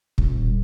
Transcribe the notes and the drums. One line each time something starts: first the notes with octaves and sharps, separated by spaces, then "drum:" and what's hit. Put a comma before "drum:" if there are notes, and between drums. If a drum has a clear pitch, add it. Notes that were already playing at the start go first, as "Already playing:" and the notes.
D#1, drum: kick